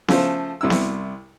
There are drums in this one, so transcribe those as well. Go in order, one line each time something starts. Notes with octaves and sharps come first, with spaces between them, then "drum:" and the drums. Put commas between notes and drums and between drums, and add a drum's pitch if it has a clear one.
C#3 F3 A3 A4 C5, drum: snare B3
C2 C3 E4 E6
drum: snare B3